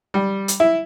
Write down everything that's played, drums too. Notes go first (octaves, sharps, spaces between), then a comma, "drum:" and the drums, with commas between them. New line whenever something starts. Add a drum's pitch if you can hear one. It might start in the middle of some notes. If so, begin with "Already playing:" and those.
G3
drum: hi-hat
E4